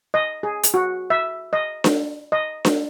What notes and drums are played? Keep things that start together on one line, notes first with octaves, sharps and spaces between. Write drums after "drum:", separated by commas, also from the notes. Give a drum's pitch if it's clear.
D#5
G#4
drum: hi-hat
F#4
E5
D#5
drum: snare D4
D#5
drum: snare D4